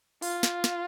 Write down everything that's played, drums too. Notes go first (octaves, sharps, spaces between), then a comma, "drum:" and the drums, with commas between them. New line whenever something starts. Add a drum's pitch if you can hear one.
F4, drum: open hi-hat
drum: snare
drum: snare